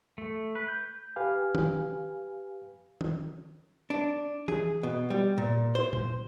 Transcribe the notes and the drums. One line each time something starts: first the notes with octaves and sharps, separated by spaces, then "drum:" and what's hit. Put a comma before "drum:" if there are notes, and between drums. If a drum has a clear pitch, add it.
A3
B4
G6
G4 B4 F5 G#5
drum: tom D#3
drum: tom D#3
D4
G#4, drum: tom E3
B2
G3
A#2
C5
drum: tom A#2